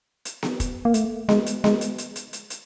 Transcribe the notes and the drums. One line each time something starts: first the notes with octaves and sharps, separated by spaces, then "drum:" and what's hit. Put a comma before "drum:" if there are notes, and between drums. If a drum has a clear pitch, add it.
drum: hi-hat
drum: snare B3
drum: kick, hi-hat
A#3
A3, drum: hi-hat
G#3, drum: snare B3
drum: hi-hat
G#3, drum: snare B3
drum: hi-hat
drum: hi-hat
drum: hi-hat
drum: hi-hat
drum: hi-hat